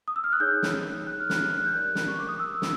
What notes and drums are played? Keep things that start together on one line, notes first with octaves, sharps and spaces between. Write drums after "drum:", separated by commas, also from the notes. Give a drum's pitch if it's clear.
D#6
E6
F6
F#6
D#4 G#4 C#5 G6
drum: snare
F#6
F6
F#6, drum: snare
F#6
G6
G4 A#4 D5 F#6
drum: snare
C#6
D6
D#6
E6
drum: snare